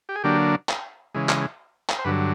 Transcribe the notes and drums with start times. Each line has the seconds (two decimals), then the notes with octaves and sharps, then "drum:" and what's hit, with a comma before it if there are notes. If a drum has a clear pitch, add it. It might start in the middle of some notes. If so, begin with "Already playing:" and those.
0.09 G4
0.15 G#4
0.24 D3 F#3 A#3 D4 G4
0.69 drum: clap
1.14 C#3 E3 G#3
1.29 drum: clap
1.89 drum: clap
1.98 C5
2.04 G2 D3 F#3 B4